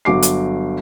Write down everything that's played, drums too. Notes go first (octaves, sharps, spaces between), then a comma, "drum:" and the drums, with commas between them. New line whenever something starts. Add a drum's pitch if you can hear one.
G1 F#3 D6 C7
drum: hi-hat